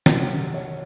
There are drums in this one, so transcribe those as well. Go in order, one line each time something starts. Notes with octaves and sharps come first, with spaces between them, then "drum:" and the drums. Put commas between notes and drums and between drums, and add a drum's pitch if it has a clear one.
C2 C3 D#3 F#3 D#5, drum: snare
C#5